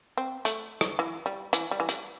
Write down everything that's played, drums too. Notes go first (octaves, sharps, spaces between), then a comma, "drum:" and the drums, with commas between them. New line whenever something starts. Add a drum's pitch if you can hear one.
C4
A3, drum: hi-hat
drum: rim click
E3
G3
E3, drum: hi-hat
G3
E3
G3, drum: hi-hat